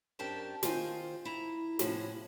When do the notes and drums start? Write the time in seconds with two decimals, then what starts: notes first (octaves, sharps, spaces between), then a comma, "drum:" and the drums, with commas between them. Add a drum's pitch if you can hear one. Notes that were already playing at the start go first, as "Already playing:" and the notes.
0.19 F#2 C4 D4 G4 A#4 A5
0.63 D#3 F4 C5 G#5, drum: snare
1.25 E4 A#5
1.79 A2 C3 F3 C#4 F#4, drum: snare